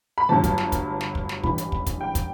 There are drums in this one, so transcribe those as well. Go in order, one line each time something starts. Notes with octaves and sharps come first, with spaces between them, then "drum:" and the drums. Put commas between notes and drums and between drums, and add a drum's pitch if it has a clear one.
B5
G1 G2 F#3 A5
drum: kick, hi-hat
drum: snare
drum: kick, hi-hat
drum: snare
drum: kick
drum: snare
A1 G2 E3 B5, drum: kick
drum: hi-hat
drum: kick
drum: kick, hi-hat
G5
drum: kick, hi-hat